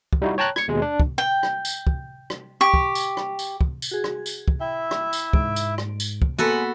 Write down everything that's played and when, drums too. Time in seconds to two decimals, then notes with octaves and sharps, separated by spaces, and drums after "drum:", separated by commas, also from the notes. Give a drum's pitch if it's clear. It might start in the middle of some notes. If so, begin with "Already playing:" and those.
0.13 drum: kick
0.22 G3 D#4 E4 F#4
0.38 C#5 G5 A5 A#5 F#6
0.56 G#6 C#7, drum: rim click
0.68 D#2 B2 G#3
0.82 D4
1.00 drum: kick
1.18 G5
1.43 drum: rim click
1.65 drum: tambourine
1.87 drum: kick
2.30 drum: rim click
2.61 G4 C#6
2.74 drum: kick
2.95 drum: tambourine
3.17 drum: rim click
3.39 drum: tambourine
3.61 drum: kick
3.82 drum: tambourine
3.91 F#4 G#4 G#6
4.04 drum: rim click
4.26 drum: tambourine
4.48 drum: kick
4.60 E4 E5 G5
4.91 drum: rim click
5.13 drum: tambourine
5.33 G#2 D7, drum: kick
5.56 drum: tambourine
5.78 drum: rim click
6.00 drum: tambourine
6.22 drum: kick
6.39 G#3 A#3 B3 F#4 A4 B4 B6